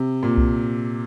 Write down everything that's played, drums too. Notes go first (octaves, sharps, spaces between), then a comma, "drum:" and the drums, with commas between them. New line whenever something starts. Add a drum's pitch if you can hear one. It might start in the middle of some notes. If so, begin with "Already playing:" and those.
Already playing: C3
A#2
drum: kick B1